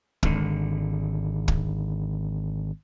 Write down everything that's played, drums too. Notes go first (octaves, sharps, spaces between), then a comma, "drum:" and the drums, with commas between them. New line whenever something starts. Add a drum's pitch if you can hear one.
G#1 D3, drum: kick
drum: kick